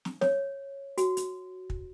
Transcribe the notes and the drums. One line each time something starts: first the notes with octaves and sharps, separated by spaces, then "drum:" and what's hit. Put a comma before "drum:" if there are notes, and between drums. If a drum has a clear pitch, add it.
drum: snare
C#5, drum: snare
F#4, drum: hi-hat
drum: hi-hat
drum: kick